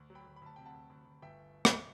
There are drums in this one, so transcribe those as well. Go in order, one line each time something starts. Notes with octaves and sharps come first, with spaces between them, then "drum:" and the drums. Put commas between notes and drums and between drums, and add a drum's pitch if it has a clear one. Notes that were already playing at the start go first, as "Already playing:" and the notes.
Already playing: D2
F#3
G5 B5
D2
B5
D2 A5
C3 G5
F#5 A5
D2
D2
D2
G1 E5 G5
drum: rim click